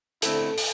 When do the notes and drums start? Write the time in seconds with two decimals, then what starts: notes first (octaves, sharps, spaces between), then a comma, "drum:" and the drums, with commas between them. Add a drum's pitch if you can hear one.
0.22 D3 A3 C4 E4 A4, drum: hi-hat
0.58 drum: open hi-hat